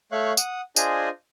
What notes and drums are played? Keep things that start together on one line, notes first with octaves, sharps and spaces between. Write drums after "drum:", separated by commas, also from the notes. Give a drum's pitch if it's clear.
A3 C#5 E5 F5 C#6 F#6
F#5 D#6, drum: tambourine
D4 F4 G#4 C5 D#5 G#5, drum: tambourine